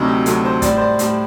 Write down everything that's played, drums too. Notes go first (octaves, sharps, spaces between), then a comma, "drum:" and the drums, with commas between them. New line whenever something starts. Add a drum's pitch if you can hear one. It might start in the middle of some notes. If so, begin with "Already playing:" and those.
Already playing: D2 C3 F#3 D#4
G4
D2 C3 F#3 A4, drum: hi-hat
C5
A2 G3 D5, drum: kick, hi-hat
C5
D5
A2 G3, drum: hi-hat